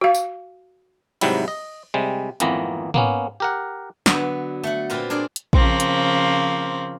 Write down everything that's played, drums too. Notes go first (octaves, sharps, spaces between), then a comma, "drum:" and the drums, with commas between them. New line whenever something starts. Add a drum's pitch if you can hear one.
F#4 F5
drum: tambourine
G#2 C3 F#3 G3 E4, drum: cymbal
D#5
C3 G3 G#3
G#1 F2 E3 A#3 B3 A#5, drum: hi-hat
A#3 B3 C#4, drum: tom
G4 A#4 F#5
D3 F#3 B3, drum: snare
A3 F#5
A#2 C4 F4 B4 A#5
D4 G#4 A#4 D5
drum: hi-hat
C#3 F3 A#3 C4, drum: kick A#1
drum: hi-hat